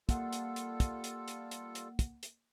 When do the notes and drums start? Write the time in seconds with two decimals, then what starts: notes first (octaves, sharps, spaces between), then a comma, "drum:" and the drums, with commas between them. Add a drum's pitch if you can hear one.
0.09 G3 A#3 F4 A4 F#5, drum: kick, hi-hat
0.33 drum: hi-hat
0.56 drum: hi-hat
0.80 drum: kick, hi-hat
1.04 drum: hi-hat
1.28 drum: hi-hat
1.51 drum: hi-hat
1.75 drum: hi-hat
1.99 drum: kick, hi-hat
2.23 drum: hi-hat